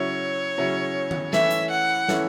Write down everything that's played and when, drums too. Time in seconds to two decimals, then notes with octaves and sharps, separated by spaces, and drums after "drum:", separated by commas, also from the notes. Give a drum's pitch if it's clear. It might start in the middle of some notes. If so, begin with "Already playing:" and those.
Already playing: C#3 F#3 C#4 E4 C#5
0.58 C#3 F#3 C#4 E4
1.11 drum: tom D#3
1.33 E3 A3 C#4 E4 E5, drum: snare
1.51 drum: hi-hat
1.70 F#5
2.09 E3 A3 C#4 E4, drum: snare